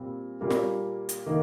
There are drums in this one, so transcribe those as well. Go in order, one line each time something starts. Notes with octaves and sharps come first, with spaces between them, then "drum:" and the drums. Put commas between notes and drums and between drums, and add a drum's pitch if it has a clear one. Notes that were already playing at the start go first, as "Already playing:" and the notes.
Already playing: A#2 G3 C4
A#2 G3 A#3 F4
drum: snare
drum: hi-hat
D#3 A#3